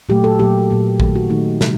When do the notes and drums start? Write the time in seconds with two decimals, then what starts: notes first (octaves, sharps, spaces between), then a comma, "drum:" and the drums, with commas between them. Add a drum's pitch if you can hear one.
0.09 A#2 F#3 A3 G4
0.24 A4
0.39 A#2 F#3 A#3 G4
0.70 A#2 F#3 A#3
1.00 D#3 A3 A4, drum: kick A#1
1.15 F#4
1.30 D#3 A3 D#4
1.61 C3 G3, drum: snare